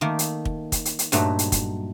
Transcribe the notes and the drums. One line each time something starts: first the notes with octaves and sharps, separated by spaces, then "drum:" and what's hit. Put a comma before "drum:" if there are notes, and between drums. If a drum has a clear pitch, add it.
D#3 A3 A#3
drum: hi-hat
drum: kick
drum: kick, hi-hat
drum: hi-hat
drum: hi-hat
G2 A#2 F#3 A3 D#4, drum: hi-hat
drum: hi-hat
drum: kick, hi-hat